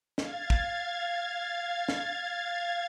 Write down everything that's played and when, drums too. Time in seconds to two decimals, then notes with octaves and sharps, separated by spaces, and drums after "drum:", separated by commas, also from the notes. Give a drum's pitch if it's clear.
0.18 F5 G#6 A6, drum: snare
0.50 drum: kick
1.88 drum: snare